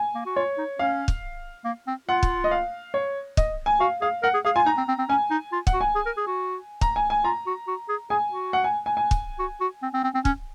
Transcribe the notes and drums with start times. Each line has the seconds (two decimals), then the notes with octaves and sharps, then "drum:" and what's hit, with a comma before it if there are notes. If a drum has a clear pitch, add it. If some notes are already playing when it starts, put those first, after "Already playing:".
Already playing: G#5
0.15 A#3
0.26 F#4
0.36 F4 C#5
0.58 D#4
0.79 C#4 F5
1.08 drum: kick
1.65 A#3
1.87 C4
2.09 F4 F#5
2.23 drum: kick
2.44 D#5
2.51 F5
2.94 C#5
3.37 D#5, drum: kick
3.66 G#5
3.80 F#4 F5
4.01 G#4 F5
4.23 A#4 F#5
4.34 G#4
4.45 G#4 F5
4.56 F4 G#5
4.66 D#4 A#5
4.78 C4
4.88 C4
4.99 C4
5.09 C#4 G#5
5.31 D#4
5.52 F4
5.67 F#5, drum: kick
5.74 F#4
5.81 G#5
5.96 G#4
6.06 A#4
6.17 G#4
6.27 F#4
6.81 A#5, drum: kick
6.96 G#5
7.10 G#5
7.24 F4 A#5
7.47 F#4
7.68 F#4
7.89 G#4
8.10 G#4 G#5
8.32 F#4
8.53 F#5
8.64 G#5
8.86 G#5
8.97 G#5
9.11 drum: kick
9.39 F#4
9.61 F#4
9.83 C4
9.94 C4
10.04 C4
10.14 C4
10.25 C#4, drum: kick